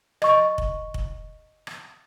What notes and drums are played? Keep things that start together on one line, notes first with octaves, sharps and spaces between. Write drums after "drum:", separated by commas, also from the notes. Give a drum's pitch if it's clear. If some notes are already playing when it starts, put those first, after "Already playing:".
D#5 C#6, drum: rim click
drum: kick
drum: kick
drum: rim click